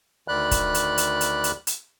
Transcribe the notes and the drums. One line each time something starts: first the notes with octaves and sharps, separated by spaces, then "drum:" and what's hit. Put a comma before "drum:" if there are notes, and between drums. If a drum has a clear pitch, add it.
D2 D#3 D5 B5 F#6
drum: kick, hi-hat
drum: hi-hat
drum: hi-hat
drum: hi-hat
drum: hi-hat
drum: hi-hat